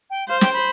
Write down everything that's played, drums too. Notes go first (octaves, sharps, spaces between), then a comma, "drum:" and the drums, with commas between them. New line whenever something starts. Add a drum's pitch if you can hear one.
G5
C5 F5
G5, drum: snare
B5